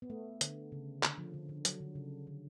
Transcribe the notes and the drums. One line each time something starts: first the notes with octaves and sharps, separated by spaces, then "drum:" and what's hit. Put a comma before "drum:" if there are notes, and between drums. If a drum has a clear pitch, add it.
B3
A3
D3, drum: hi-hat
C#3
D3, drum: clap
F3
D3
D3
F#3, drum: hi-hat
D3
C#3
D3